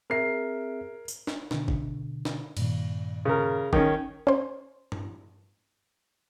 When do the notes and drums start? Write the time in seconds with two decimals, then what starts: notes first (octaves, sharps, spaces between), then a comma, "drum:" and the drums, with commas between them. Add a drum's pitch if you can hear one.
0.10 C4 G#4 A#4 E5 C7
1.08 drum: tambourine
1.27 drum: snare
1.51 B2 D3, drum: snare
1.68 drum: kick G1
2.25 drum: snare
2.57 G2 A#2 D#3, drum: cymbal
3.25 C#3 A#4
3.73 D#3 C#4, drum: kick G1
4.27 C#4 C5
4.92 drum: tom G2